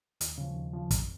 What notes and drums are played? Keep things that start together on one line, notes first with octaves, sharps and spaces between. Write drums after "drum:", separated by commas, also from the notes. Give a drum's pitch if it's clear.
D#2, drum: hi-hat
C#3 F3
D#2
C#3 F3
F2, drum: kick, hi-hat